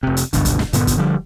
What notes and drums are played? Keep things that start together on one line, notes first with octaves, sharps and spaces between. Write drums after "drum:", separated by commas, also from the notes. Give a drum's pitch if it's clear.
F1 C3
drum: hi-hat
C#2 G2 B2 D3, drum: kick, hi-hat
drum: kick, hi-hat
drum: snare
G2 A#2 D3 B3, drum: hi-hat
drum: kick, hi-hat
D3 F3 G3